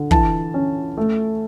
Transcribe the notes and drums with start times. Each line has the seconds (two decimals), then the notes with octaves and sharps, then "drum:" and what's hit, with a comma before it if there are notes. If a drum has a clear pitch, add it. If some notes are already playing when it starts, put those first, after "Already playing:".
Already playing: D3
0.11 E3 A5, drum: kick
0.54 C#4
0.98 A3